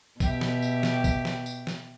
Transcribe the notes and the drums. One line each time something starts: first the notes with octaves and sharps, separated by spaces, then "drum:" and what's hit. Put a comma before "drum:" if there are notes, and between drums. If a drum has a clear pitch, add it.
B2 G4 E5, drum: kick A1, tambourine
drum: snare
drum: tambourine
drum: snare
drum: kick A1, tambourine
drum: snare
drum: tambourine
drum: snare